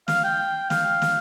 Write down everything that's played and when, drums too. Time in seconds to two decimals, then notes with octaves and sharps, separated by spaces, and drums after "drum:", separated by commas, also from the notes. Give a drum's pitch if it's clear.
0.08 F5, drum: snare
0.24 G5
0.70 F5, drum: snare
1.02 drum: snare